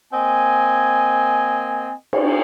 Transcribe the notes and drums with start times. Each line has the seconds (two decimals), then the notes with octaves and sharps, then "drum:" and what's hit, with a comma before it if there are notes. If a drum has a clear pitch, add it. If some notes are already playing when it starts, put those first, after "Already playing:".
0.13 A#3 C4 D#5 G#5
2.13 drum: cymbal